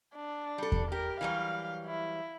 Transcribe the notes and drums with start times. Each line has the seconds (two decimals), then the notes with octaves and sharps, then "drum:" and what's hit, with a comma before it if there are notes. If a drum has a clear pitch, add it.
0.16 D4
0.58 G3 A4
0.72 drum: kick E2
0.92 G4 A#4
1.21 E3 F#3 G3 F5
1.86 E4